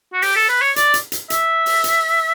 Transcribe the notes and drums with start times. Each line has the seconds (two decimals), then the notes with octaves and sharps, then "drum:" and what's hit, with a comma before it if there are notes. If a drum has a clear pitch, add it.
0.13 F#4
0.22 G4, drum: open hi-hat
0.36 A4
0.49 B4
0.62 C#5
0.76 D5, drum: hi-hat
0.94 drum: hi-hat
1.12 drum: hi-hat
1.30 E5, drum: hi-hat
1.66 drum: open hi-hat
1.84 drum: hi-hat